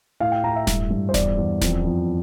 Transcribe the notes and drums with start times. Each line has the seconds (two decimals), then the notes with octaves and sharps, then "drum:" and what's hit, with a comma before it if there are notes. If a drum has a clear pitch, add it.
0.20 A2 F5
0.32 G5
0.44 A2 A#5
0.56 E5
0.67 G2, drum: snare D#1
0.91 G2
1.09 C5
1.14 E2 D5, drum: snare D#1
1.37 E2
1.62 F2, drum: snare D#1
1.84 F2